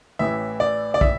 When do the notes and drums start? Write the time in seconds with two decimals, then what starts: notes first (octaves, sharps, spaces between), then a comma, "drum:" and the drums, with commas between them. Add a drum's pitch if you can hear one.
0.19 A1 A2 E3 E5
0.60 D5
0.94 D5
1.01 E5, drum: kick